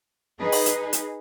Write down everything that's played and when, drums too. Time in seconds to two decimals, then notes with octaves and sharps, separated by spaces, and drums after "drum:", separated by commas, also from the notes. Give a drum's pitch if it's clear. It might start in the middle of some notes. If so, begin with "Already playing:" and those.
0.39 D#4 G#4 B4
0.52 drum: open hi-hat
0.66 drum: hi-hat
0.93 drum: hi-hat